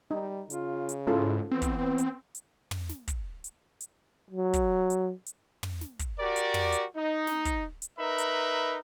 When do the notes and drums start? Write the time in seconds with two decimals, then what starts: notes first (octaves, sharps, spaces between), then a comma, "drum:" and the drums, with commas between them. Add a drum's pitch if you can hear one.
0.11 G3 D#4
0.50 C#3 F4, drum: hi-hat
0.89 drum: hi-hat
1.07 G#2 C#4 E4 F4 A4
1.51 E3 B3 C4
1.62 drum: kick, hi-hat
1.98 drum: hi-hat
2.35 drum: hi-hat
2.71 drum: tom
2.89 drum: snare
3.08 drum: kick, hi-hat
3.44 drum: hi-hat
3.80 drum: hi-hat
4.30 F#3
4.53 drum: kick, hi-hat
4.90 drum: hi-hat
5.26 drum: hi-hat
5.63 drum: tom
5.81 drum: snare
5.99 drum: kick, hi-hat
6.20 F#4 G4 A#4 D5
6.36 drum: hi-hat
6.54 drum: tom
6.72 drum: hi-hat
6.96 D#4
7.27 drum: snare
7.45 drum: kick, hi-hat
7.82 drum: hi-hat
7.99 D#4 A#4 B4 E5 B5
8.18 drum: hi-hat